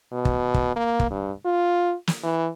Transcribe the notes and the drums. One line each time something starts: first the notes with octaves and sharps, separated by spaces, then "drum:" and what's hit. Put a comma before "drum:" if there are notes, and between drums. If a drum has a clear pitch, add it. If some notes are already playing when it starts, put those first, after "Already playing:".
B2
drum: kick
drum: kick
A#3
drum: kick
G2
F4
drum: snare
E3